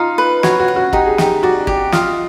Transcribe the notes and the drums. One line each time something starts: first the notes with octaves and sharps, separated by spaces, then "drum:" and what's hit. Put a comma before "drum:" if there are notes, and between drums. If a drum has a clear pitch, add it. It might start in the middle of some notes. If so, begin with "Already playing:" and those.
Already playing: D#4 F4
B4
F#4 C#5, drum: snare
F#4
F#5
F#4
D#4 G4, drum: kick
G#4
D#4 G4, drum: snare
F#4 D5
G4, drum: kick
F4 D#5, drum: snare